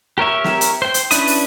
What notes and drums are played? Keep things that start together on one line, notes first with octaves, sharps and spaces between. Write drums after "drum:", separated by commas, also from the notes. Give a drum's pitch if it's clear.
G4 A#4 C#5 E5
drum: snare
drum: hi-hat
C5 G5
drum: hi-hat
C#4 D4 E4 B4 D#6, drum: hi-hat
drum: open hi-hat